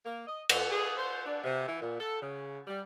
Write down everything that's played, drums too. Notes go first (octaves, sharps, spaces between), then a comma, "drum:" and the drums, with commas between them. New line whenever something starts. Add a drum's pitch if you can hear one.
A#3
D#5
F2, drum: cymbal
G#4
C5
D4
C3
E3
A#2
A4
C#3
G3